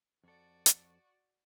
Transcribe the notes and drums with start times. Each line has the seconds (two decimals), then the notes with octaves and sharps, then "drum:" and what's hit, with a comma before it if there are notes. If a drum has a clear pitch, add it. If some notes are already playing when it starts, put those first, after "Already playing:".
0.24 F2 F#4 A4 D5
0.66 drum: hi-hat